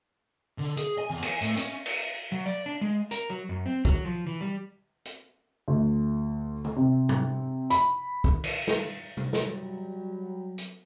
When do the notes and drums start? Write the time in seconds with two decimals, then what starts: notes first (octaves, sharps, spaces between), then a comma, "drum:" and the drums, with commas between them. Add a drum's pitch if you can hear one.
0.58 D3
0.77 G#4, drum: hi-hat
0.98 G#5
1.10 E2
1.22 G#5, drum: cymbal
1.42 A2, drum: hi-hat
1.57 C#4, drum: hi-hat
1.86 drum: cymbal
2.32 F#3
2.46 D5
2.66 D4
2.81 G#3
3.11 A#4, drum: hi-hat
3.30 F#3
3.49 F#2
3.66 C4
3.85 F#3, drum: kick
4.05 F3
4.27 E3
4.41 G3
5.05 drum: hi-hat
5.68 D2
6.65 drum: tom
6.76 C3
7.09 drum: tom G#2
7.70 B5, drum: hi-hat
8.24 drum: kick
8.44 drum: cymbal
8.67 drum: snare
9.17 drum: tom C3
9.33 F#3 G3, drum: snare
10.58 drum: hi-hat